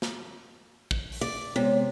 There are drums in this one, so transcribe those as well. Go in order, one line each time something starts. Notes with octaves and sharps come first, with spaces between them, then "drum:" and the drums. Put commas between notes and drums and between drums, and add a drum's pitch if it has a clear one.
drum: snare
drum: kick
drum: open hi-hat
D5
C3 G#3 B3 C#5